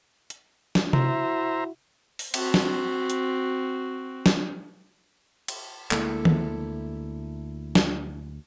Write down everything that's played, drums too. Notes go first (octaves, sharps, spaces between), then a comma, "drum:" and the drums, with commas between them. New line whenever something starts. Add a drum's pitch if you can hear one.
drum: hi-hat
drum: snare
E4 F#4 C5 E5 A#5, drum: tom C3
drum: open hi-hat
C4 F#4, drum: cymbal
drum: snare
drum: hi-hat
drum: snare
drum: cymbal
D2 G#3 A#3 E4 A4, drum: clap
drum: tom D#3
drum: snare